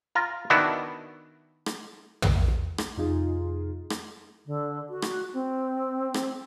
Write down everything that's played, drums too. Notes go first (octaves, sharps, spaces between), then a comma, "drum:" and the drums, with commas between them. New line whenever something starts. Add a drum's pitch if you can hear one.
F4 A#5
D#3 B3 D4 E4 F#4
drum: rim click
drum: tom
drum: rim click
F2 C3 D#4 F4 G#4
drum: rim click
D3
F#4
drum: rim click
C4
drum: rim click